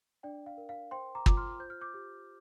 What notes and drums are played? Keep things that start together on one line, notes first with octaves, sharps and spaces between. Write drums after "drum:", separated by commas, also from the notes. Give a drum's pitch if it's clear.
D4 D5 G5
F5
A#4
F5
C5 G5 C6
A#5 D6
F4 D6, drum: kick
C6 F6
C5 G6
F6
D6 G6
G4